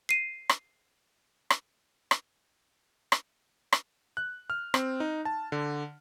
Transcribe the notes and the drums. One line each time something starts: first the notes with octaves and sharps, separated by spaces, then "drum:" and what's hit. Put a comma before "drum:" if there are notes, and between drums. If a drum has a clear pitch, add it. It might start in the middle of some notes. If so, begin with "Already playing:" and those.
C7 D#7
drum: rim click
drum: rim click
drum: rim click
drum: rim click
drum: rim click
F#6
F6
C4, drum: rim click
D#4
A5
D3